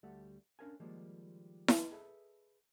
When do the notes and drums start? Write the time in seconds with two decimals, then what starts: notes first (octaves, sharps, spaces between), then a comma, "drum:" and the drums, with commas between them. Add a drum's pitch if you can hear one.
0.03 D2 G3 A3 A4 F#5
0.59 C#4 D4 A4 A#4 F5 G#5
0.80 D#3 F3 G3 G#3 A#3
1.68 drum: snare E4
1.91 G#4 A4 B4 D#5 E5